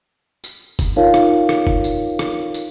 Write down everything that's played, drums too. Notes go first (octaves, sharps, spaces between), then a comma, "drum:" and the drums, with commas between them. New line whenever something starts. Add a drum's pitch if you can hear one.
drum: tambourine
drum: kick, tambourine
D#4 F4 A#4 C#5 F5
drum: rim click
drum: rim click
drum: kick
drum: tambourine
drum: rim click
drum: tambourine